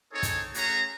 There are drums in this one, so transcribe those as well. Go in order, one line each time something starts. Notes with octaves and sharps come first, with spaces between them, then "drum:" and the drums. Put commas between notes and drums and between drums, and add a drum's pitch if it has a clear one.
C4 D#4 G#4 A4 C#5
drum: kick, hi-hat
A3 C#4 F#4 G#4 C#5 A#5, drum: hi-hat